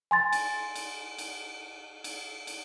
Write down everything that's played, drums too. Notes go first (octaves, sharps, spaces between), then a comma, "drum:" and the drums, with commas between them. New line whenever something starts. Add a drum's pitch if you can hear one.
G#5 C6 A6
drum: cymbal
drum: cymbal
drum: cymbal
drum: cymbal
drum: cymbal